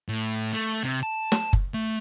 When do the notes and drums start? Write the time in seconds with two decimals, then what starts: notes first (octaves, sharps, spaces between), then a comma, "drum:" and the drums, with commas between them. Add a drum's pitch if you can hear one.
0.09 A2
0.53 A3
0.83 C3
1.03 A5
1.32 drum: snare
1.53 drum: kick F#1
1.74 A3